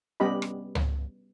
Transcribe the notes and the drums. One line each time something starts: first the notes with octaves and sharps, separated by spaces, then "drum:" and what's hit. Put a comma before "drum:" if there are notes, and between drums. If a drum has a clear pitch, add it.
G3 B3 C#4 G4 D#5 B5
drum: rim click
drum: tom C#2